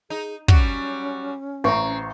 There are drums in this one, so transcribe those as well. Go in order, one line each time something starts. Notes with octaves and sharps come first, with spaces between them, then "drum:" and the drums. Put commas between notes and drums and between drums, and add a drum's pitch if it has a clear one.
D#4 G#4
F#3 G3 C#4 F#4, drum: kick
A1 C4 A#5 C#6